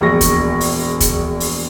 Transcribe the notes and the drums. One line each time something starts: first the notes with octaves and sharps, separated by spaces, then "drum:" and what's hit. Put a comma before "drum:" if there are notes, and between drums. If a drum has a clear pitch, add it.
E1 A#1 G#4 C#6 A#6
drum: kick D2, hi-hat
drum: open hi-hat
drum: kick D2, hi-hat
drum: open hi-hat